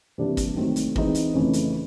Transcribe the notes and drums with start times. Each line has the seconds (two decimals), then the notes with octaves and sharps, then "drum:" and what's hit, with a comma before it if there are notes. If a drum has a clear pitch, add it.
0.18 C3 E3 G3 A#3 D4
0.37 drum: kick, hi-hat
0.56 D#3 F#3 A3 C4
0.76 drum: hi-hat
0.96 E3 G#3 C4 D#4, drum: kick
1.15 drum: hi-hat
1.34 F2 C#3 E3 A3 C#4
1.53 drum: hi-hat